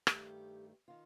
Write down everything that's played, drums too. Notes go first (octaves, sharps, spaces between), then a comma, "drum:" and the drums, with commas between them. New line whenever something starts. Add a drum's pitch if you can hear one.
G2 D#3 A3 G4, drum: rim click
D#3 F4